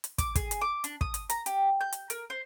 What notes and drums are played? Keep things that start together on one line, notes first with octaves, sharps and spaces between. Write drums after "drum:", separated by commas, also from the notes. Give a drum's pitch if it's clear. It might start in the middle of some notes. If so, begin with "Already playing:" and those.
drum: hi-hat
D6, drum: kick, hi-hat
G#4, drum: kick, hi-hat
drum: hi-hat
D6
D4, drum: hi-hat
D#6, drum: kick
drum: hi-hat
A#5, drum: hi-hat
G4, drum: hi-hat
G6
drum: hi-hat
A#4, drum: hi-hat
C5